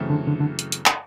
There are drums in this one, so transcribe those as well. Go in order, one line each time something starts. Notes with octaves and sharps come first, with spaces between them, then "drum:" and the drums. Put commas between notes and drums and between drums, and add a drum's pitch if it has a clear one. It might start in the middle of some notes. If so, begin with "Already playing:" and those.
Already playing: F#2 C#3 E3 A3 C4
D3
D3
D3
drum: hi-hat
drum: hi-hat
drum: clap